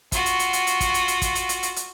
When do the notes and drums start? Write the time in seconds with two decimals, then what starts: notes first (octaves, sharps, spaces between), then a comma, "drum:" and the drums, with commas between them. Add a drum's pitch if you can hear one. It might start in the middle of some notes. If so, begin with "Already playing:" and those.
0.12 F4 F#4, drum: kick, hi-hat
0.26 drum: hi-hat
0.39 drum: hi-hat
0.53 drum: hi-hat
0.67 drum: hi-hat
0.80 drum: kick, hi-hat
0.94 drum: hi-hat
1.08 drum: hi-hat
1.22 drum: kick, hi-hat
1.35 drum: hi-hat
1.49 drum: hi-hat
1.63 drum: hi-hat
1.76 drum: hi-hat